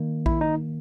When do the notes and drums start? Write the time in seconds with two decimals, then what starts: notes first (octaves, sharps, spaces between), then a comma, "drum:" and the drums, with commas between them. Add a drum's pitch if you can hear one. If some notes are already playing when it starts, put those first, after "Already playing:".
Already playing: D#3 A#3
0.26 E4, drum: kick A#1
0.41 D#4